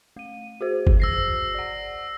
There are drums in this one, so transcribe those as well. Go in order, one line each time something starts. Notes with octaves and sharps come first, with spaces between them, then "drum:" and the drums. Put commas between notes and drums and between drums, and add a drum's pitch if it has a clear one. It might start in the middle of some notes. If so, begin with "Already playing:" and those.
A3 D#7
F#4 G#4 C5
drum: kick G1
E6 A#6 C7
D5 F#5